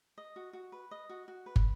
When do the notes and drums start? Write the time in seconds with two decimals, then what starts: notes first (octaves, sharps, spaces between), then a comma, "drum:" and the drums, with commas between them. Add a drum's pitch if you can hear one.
0.18 D#5
0.36 F#4
0.53 F#4
0.72 B4
0.91 D#5
1.09 F#4
1.28 F#4
1.46 B4
1.56 drum: kick